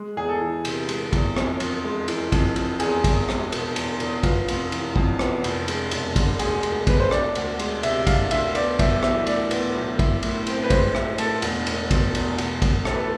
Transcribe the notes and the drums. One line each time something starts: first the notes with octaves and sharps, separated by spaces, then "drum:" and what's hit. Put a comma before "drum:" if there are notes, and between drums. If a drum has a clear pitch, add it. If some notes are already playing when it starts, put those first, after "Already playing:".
Already playing: G#3
E2 G#4
A4
E3
C3, drum: cymbal
G#3, drum: cymbal
E2, drum: kick, cymbal
F2, drum: rim click
F2, drum: cymbal
G#3
E3, drum: cymbal
F2, drum: kick, cymbal
F2, drum: cymbal
E2 G#4, drum: cymbal
E2, drum: kick, cymbal
G#3, drum: rim click
B2, drum: cymbal
E2, drum: cymbal
E2, drum: cymbal
B3 F4, drum: kick, cymbal
F1, drum: cymbal
E3, drum: cymbal
F2, drum: kick
B3, drum: rim click
F1, drum: cymbal
G#3, drum: cymbal
E1, drum: cymbal
D3, drum: kick, cymbal
D2 G#4, drum: cymbal
G#3, drum: cymbal
E1 B4, drum: kick, cymbal
C5
D4 D5, drum: rim click
D2, drum: cymbal
G#3, drum: cymbal
C3 E5, drum: cymbal
D4 F5, drum: kick, cymbal
D2 E5, drum: cymbal
B3 D5, drum: cymbal
B1 E5, drum: kick, cymbal
E3 E5, drum: rim click
A2 D5, drum: cymbal
B3, drum: cymbal
B1
E4, drum: kick, cymbal
A2, drum: cymbal
C4, drum: cymbal
B4
G#3 C5, drum: kick, cymbal
E4, drum: rim click
A2 A4, drum: cymbal
E1, drum: cymbal
E1, drum: cymbal
B2, drum: kick, cymbal
E2, drum: cymbal
E1, drum: cymbal
E1, drum: kick, cymbal
A2 A4, drum: rim click
B4
A4